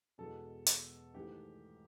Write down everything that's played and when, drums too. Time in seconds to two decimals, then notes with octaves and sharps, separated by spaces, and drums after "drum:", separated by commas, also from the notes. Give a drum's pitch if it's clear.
0.18 E2 B2 G#3 A4
0.66 drum: hi-hat
1.14 G#1 G#2 E3 A3 G4